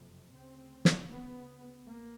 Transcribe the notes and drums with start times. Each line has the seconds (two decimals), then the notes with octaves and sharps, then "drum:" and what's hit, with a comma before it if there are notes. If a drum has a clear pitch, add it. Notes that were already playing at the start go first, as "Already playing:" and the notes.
Already playing: F#1 F2 C3
0.33 D2 C#3 C4
0.85 drum: snare
1.10 B3
1.86 A1 A#3